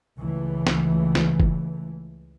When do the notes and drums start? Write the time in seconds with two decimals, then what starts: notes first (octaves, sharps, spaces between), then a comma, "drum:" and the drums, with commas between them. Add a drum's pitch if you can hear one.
0.18 C#2 E3 A3
0.67 drum: snare
1.15 drum: snare
1.40 drum: kick